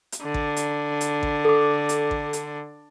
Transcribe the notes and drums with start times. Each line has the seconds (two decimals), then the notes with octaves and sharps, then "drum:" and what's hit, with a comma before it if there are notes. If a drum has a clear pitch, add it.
0.12 drum: hi-hat
0.23 D3
0.34 drum: kick A1
0.56 drum: hi-hat
1.01 drum: hi-hat
1.23 drum: kick A1
1.45 A4 D6
1.89 drum: hi-hat
2.11 drum: kick A1
2.33 drum: hi-hat